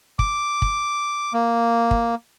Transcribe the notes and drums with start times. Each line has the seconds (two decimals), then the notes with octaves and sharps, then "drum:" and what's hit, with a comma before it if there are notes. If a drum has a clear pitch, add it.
0.19 D6, drum: kick
0.62 drum: kick
1.33 A#3
1.91 drum: kick